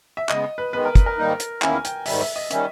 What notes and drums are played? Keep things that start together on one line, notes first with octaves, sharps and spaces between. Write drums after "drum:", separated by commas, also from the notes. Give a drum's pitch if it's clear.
E5
C#3 G#3 B3 D#5, drum: clap
B4
D#3 G#3 B3 B4
A#4
drum: kick, hi-hat
A#4
G#2 D#3 G3 A#3 D#4
drum: hi-hat
E2 D#3 A#3 C#4 E4 G#5, drum: clap
G5, drum: hi-hat
G#2 D#3 G3 E5, drum: open hi-hat
E5
D#5
D#3 G3 C#4 E5, drum: hi-hat